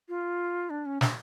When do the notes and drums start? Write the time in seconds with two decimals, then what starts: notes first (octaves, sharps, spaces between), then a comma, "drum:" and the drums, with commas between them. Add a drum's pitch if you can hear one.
0.09 F4
0.70 D4
0.86 C#4
1.01 D4, drum: snare